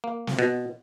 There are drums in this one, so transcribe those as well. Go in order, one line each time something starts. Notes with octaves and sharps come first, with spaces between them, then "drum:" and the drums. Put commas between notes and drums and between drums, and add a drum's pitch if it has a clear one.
A#3
drum: snare
B2